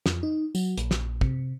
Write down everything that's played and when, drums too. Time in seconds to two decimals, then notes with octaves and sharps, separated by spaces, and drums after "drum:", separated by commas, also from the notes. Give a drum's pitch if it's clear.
0.06 F2, drum: snare
0.23 D#4
0.55 F#3, drum: tambourine
0.78 A#1, drum: hi-hat
0.91 drum: snare
1.21 C3, drum: kick